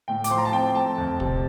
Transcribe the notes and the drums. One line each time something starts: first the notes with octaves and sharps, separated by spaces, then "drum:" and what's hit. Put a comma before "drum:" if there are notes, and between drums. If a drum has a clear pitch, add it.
A2 G5
D6, drum: hi-hat
F3 C6
A#5
A5
C4 G5
A3 A5
F2
C3, drum: kick